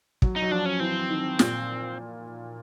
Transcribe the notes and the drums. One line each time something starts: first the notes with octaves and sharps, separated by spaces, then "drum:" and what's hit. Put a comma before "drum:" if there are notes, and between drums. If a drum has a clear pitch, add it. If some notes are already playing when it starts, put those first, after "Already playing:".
F#3, drum: kick
D#4
F#3
F3 D4
C#4
E3 C4
D#3
A#2, drum: snare